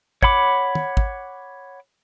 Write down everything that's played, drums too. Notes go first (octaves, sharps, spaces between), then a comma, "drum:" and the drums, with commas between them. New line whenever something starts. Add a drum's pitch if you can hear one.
C#5 F#5 B5 D6, drum: kick
drum: tom
drum: kick